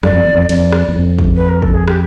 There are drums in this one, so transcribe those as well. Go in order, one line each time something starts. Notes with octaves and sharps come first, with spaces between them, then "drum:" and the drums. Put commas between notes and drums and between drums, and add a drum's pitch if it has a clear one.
F#2 D5, drum: rim click
F2
E2
F2
F2 D5, drum: cymbal
drum: rim click
E2
F2
drum: kick
B4
A#4
A4, drum: kick
G#4
G4, drum: rim click